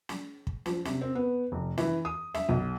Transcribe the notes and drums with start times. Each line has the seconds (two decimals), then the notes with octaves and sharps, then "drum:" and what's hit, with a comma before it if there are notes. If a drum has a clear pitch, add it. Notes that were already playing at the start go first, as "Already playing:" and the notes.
0.09 drum: snare
0.47 drum: kick
0.66 F3, drum: snare
0.85 C3, drum: snare
1.01 C4
1.15 B3
1.52 F1
1.78 E3, drum: snare
2.05 D#6
2.34 E5, drum: snare
2.49 B1